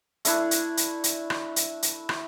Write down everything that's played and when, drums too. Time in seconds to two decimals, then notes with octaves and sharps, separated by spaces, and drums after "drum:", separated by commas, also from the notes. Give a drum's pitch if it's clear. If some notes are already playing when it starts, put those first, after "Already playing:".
0.25 A3 D4 E4, drum: hi-hat
0.51 drum: hi-hat
0.77 drum: hi-hat
1.04 drum: hi-hat
1.30 drum: rim click
1.56 drum: hi-hat
1.83 drum: hi-hat
2.09 drum: rim click